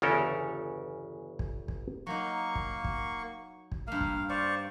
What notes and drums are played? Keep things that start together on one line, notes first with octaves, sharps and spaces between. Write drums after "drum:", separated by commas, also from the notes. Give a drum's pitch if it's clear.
G1 E2 C#3 C#4 A4 A#4
drum: kick
drum: kick
F#3 A#3 D#4 C#6
drum: kick
drum: kick
drum: kick
G2 A#3 F5
drum: kick
C5 D5 F5 C#6